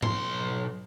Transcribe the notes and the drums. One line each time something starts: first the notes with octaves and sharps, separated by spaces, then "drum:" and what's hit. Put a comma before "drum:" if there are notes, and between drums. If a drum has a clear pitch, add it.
B1 C6, drum: tom G#2